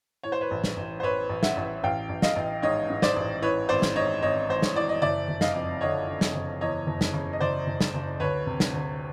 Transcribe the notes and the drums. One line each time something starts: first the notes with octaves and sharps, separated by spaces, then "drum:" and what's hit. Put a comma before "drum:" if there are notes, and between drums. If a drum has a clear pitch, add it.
A2 C#5
C5
B4 C#5
A1
drum: snare
A1
C5
A1 B4 C#5
A1
E5 F#5, drum: snare
A1
A1 F5 G5
A1
D#5 F5, drum: snare
A1
G#2 C#5 D#5
G#2
C5 D5, drum: snare
A1
E3 B4 C#5
G#1 C5 D5
drum: snare
G#2 C#5 D#5
G#1 C#5 D#5
G#1 C5
C#5, drum: snare
E3 D5
D#5
F#1 D5 E5
F#1
D#5 F5, drum: snare
F2
D3 C#5 D#5
D3
drum: snare
F#1
E2 C#5 D#5
F#1
drum: snare
C#3
D#5
F#1 C5 D5
F#1
drum: snare
F#1
D2 B4 C#5
C3
drum: snare
D2